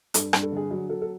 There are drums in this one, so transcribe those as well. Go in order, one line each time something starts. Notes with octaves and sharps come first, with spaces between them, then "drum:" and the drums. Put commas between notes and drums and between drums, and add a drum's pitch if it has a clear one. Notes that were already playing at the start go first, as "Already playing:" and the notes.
G2 A4, drum: hi-hat
G2, drum: rim click
A4
D3 G#4
F#3 G#4
F#3 A4
A4